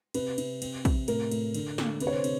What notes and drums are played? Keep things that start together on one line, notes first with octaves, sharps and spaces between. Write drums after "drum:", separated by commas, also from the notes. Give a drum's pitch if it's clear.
C3 B4, drum: cymbal
C3, drum: cymbal
C4, drum: cymbal
C3, drum: kick, cymbal
A2 A#4, drum: cymbal
A2, drum: cymbal
D3, drum: cymbal
D3, drum: snare
C3 B4, drum: cymbal
C#5
C5
C3, drum: cymbal